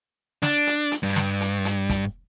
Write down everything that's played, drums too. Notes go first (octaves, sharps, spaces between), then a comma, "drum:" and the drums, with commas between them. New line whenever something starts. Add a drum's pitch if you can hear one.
D4, drum: snare
drum: hi-hat
drum: hi-hat
G2
drum: snare
drum: hi-hat
drum: hi-hat
drum: kick, hi-hat